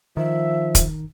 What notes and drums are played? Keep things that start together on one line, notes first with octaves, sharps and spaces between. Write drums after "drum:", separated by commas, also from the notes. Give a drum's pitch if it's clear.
D#3 F3 E5
drum: kick, hi-hat